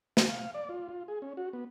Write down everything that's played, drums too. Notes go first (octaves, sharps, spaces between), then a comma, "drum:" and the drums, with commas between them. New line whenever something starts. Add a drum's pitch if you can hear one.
F#4, drum: snare
F5
D5
F4
F4
G#4
C#4
F#4
B3